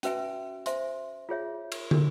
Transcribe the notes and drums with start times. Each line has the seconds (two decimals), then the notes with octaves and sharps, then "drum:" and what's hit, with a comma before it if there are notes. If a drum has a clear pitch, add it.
0.03 C#4 F#4 B4 E5 G#5, drum: hi-hat
0.66 C5 E5 G#5 C6, drum: hi-hat
1.29 F4 G#4 C#5 E5
1.72 drum: cymbal
1.91 D4 F#4 A#4, drum: tom